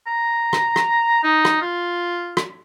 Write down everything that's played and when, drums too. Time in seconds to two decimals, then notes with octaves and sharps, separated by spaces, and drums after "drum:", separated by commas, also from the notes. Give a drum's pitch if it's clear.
0.07 A#5
0.53 drum: rim click
0.76 drum: rim click
1.23 D#4
1.45 drum: rim click
1.61 F4
2.37 drum: rim click